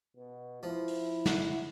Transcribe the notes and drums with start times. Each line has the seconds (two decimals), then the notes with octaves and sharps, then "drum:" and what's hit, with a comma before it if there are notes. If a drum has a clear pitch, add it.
0.17 B2
0.63 F3 E4
0.88 drum: open hi-hat
1.26 F#5, drum: snare